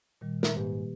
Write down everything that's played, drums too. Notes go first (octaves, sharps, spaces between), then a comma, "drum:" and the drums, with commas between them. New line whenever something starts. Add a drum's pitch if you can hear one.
A#2 D#3 G3
A#4 E5, drum: snare
G#2 A#3 G4 B4